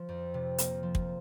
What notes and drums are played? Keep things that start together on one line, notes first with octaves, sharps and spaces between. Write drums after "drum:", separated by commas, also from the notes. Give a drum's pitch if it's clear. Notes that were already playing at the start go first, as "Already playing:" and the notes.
Already playing: F3
F2
C3
A#3, drum: hi-hat
F3
drum: kick